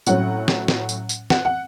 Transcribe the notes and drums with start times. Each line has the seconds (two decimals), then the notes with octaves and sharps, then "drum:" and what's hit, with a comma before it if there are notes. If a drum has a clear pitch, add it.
0.06 A2 F#3 C#4 F#5, drum: tambourine
0.48 drum: snare
0.68 drum: snare
0.89 drum: tambourine
1.09 drum: tambourine
1.30 F#5, drum: snare
1.45 F#5